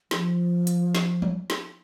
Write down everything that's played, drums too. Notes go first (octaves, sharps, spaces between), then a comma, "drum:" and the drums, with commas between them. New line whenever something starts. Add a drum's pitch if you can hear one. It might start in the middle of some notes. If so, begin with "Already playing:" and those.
F3, drum: snare
drum: hi-hat
drum: snare
drum: tom F3
drum: snare